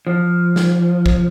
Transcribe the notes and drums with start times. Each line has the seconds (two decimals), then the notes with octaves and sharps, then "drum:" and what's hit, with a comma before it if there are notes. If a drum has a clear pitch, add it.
0.07 F3
0.56 drum: snare
1.06 drum: kick